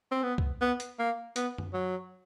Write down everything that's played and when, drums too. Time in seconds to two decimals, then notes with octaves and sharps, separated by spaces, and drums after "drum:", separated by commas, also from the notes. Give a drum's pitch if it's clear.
0.11 C4
0.23 B3
0.38 drum: kick C2
0.61 B3
0.80 drum: hi-hat
0.99 A#3
1.36 B3, drum: hi-hat
1.58 drum: tom F#2
1.74 F#3